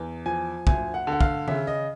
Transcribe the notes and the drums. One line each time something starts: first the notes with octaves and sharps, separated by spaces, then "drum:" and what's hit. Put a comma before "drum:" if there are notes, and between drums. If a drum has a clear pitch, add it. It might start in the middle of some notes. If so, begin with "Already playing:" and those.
Already playing: E2
F3 G#5
D2 G#5, drum: kick
F#5
D3 F#5
F5, drum: kick
C#3 E5, drum: tom D#3
D#5